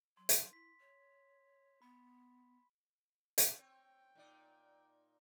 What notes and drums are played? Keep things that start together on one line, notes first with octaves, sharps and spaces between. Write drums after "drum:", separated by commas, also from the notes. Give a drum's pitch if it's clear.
F#3 C6
drum: hi-hat
E4 B6
C#5
B3 B5
drum: hi-hat
C4 C#5 G5
A#2 D#4 D5